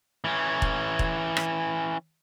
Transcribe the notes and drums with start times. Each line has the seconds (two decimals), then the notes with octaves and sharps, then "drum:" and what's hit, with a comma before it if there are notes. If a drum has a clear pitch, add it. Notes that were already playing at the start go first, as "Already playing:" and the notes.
0.24 E3 C#4
0.62 drum: kick E1
0.99 drum: kick E1
1.37 drum: rim click